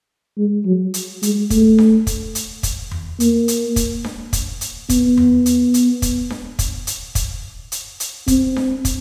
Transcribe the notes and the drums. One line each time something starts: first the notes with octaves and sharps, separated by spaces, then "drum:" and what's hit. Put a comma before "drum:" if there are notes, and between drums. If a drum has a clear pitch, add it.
G#3
F#3
drum: hi-hat
G#3, drum: hi-hat
A3, drum: kick, hi-hat
drum: snare D4
drum: kick, hi-hat
drum: hi-hat
drum: kick, hi-hat
drum: tom E2
A#3, drum: hi-hat
drum: hi-hat
drum: kick, hi-hat
drum: snare D4
drum: kick, hi-hat
drum: hi-hat
B3, drum: kick, hi-hat
drum: tom E2
drum: hi-hat
drum: hi-hat
drum: kick, hi-hat
drum: snare D4
drum: kick, hi-hat
drum: hi-hat
drum: kick, hi-hat
drum: hi-hat
drum: hi-hat
C4, drum: kick, hi-hat
drum: snare D4
drum: kick, hi-hat